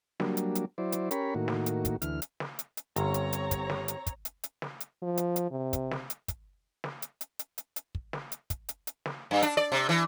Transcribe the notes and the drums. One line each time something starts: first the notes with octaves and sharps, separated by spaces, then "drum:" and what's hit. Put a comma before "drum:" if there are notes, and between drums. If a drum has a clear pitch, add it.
F#3 G3 A#3 D4, drum: snare
drum: hi-hat
drum: hi-hat
F#3 E4 C5 D5
drum: hi-hat
C#4 G4 A#4 C#5 B5, drum: hi-hat
A2 D#3 A#3 F#4
drum: snare
drum: hi-hat
drum: kick, hi-hat
D2 E3 F6, drum: hi-hat
drum: hi-hat
drum: snare
drum: hi-hat
drum: hi-hat
G1 C4 C#5 A#5, drum: hi-hat
drum: hi-hat
drum: hi-hat
drum: kick, hi-hat
drum: snare
drum: hi-hat
drum: kick, hi-hat
drum: hi-hat
drum: hi-hat
drum: snare
drum: hi-hat
F3
drum: hi-hat
drum: hi-hat
C3
drum: kick, hi-hat
drum: snare
drum: hi-hat
drum: kick, hi-hat
drum: snare
drum: hi-hat
drum: hi-hat
drum: hi-hat
drum: hi-hat
drum: hi-hat
drum: kick
drum: snare
drum: hi-hat
drum: kick, hi-hat
drum: hi-hat
drum: hi-hat
drum: snare
G2
D4, drum: hi-hat
D5
C3
E3